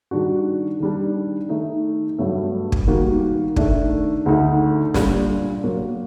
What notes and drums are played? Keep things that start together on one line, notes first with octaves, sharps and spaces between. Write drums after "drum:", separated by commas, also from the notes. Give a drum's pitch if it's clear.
D#3 G3 D4 F#4
D#3 G3 D4
D#3 A3 D#4
G2 F#3 A3
drum: kick
D#3 G3 A#3 F#4
D#3 A3 D4, drum: kick
D2 D3 A3 D#4
A#2 G3 D4, drum: snare
F#3 A#3 F#4